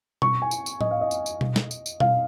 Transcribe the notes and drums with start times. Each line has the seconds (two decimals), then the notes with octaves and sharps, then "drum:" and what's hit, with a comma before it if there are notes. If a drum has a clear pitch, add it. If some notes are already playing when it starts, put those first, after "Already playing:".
0.22 C#6, drum: tom B2
0.42 G#5
0.51 drum: tambourine
0.66 drum: tambourine
0.81 D#5, drum: tom A2
0.91 F5
1.01 D#5
1.11 drum: tambourine
1.26 drum: tambourine
1.41 drum: tom B2
1.56 drum: snare
1.71 drum: tambourine
1.86 drum: tambourine
2.00 F5, drum: tom B2